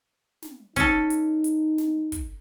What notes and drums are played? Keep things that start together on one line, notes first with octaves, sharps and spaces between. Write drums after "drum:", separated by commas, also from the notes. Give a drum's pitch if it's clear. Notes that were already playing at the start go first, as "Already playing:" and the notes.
drum: snare
C#4 D#4 A4, drum: kick, hi-hat
drum: hi-hat
drum: hi-hat
drum: snare
drum: kick, hi-hat